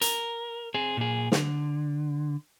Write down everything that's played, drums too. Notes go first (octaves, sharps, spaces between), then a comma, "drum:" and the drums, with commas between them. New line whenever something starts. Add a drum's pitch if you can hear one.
A#4, drum: hi-hat
C4 G#4
A#2 G#4
D3, drum: snare